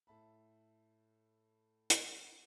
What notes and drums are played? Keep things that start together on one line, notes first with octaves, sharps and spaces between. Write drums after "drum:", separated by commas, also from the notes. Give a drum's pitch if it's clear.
A2 E5 A5 B5
drum: hi-hat